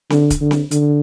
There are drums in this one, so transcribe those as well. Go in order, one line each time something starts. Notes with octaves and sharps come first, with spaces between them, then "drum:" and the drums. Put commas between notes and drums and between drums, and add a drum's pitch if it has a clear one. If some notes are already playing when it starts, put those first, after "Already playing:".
D3, drum: snare C4
drum: kick, hi-hat
D3
drum: snare C4
D3, drum: hi-hat